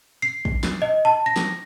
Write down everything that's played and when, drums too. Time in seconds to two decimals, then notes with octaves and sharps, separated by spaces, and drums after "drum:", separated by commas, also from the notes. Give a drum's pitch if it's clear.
0.22 C7
0.45 drum: kick
0.63 drum: snare
0.82 D#5
1.05 A5
1.26 A#6
1.36 drum: snare